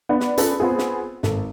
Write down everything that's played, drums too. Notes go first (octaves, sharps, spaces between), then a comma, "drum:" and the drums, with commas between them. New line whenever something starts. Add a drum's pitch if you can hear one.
B3 D4
drum: snare
C#4 F4 G#4 A4 B4 D5, drum: hi-hat
B3 C4 F4 G#4
drum: snare
G#1 A4, drum: snare